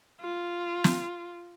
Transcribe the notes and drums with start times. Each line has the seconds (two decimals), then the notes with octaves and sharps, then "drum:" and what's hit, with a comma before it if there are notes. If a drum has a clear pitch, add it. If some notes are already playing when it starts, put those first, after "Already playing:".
0.21 F4
0.84 drum: snare